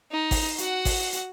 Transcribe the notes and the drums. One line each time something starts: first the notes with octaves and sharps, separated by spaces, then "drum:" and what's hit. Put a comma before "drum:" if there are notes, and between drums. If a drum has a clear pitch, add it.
D#4
drum: kick G#1, open hi-hat
F#4 F#5, drum: hi-hat
drum: kick G#1, open hi-hat
drum: hi-hat